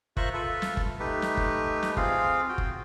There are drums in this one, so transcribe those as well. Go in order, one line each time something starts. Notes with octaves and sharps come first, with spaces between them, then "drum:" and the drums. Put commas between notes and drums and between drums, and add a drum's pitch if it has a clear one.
F4 A#4 C5 E5 C#6 F#6, drum: kick F#1
F4 A4 B4 E5
drum: snare
drum: kick F#1
A3 D#4 G4 B4
drum: snare
drum: kick F#1
drum: snare
C4 F4 G#4 F5, drum: kick F#1
F#4 G5
drum: kick F#1